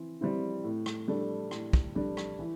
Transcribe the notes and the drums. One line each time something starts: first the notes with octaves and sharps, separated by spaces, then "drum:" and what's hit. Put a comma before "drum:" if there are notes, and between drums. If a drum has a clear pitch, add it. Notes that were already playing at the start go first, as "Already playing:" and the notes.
Already playing: E3 C4
G3 C4 E4
A2
drum: rim click
G3 D4 A4
A2, drum: rim click
drum: kick
G3 D4 A4
drum: rim click
E3